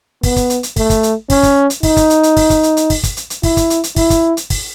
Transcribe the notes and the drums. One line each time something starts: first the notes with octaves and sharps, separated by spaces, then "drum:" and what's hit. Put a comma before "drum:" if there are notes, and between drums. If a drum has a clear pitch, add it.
B3, drum: kick, open hi-hat
drum: kick, hi-hat
drum: hi-hat
drum: hi-hat
A3, drum: kick, open hi-hat
drum: kick, hi-hat
drum: hi-hat
C#4, drum: kick, open hi-hat
drum: kick, hi-hat
drum: hi-hat
D#4, drum: kick, open hi-hat
drum: kick, hi-hat
drum: hi-hat
drum: hi-hat
drum: kick, open hi-hat
drum: kick, hi-hat
drum: hi-hat
drum: hi-hat
drum: kick, open hi-hat
drum: kick, hi-hat
drum: hi-hat
drum: hi-hat
E4, drum: kick, open hi-hat
drum: kick, hi-hat
drum: hi-hat
drum: hi-hat
E4, drum: kick, open hi-hat
drum: kick, hi-hat
drum: hi-hat
drum: kick, open hi-hat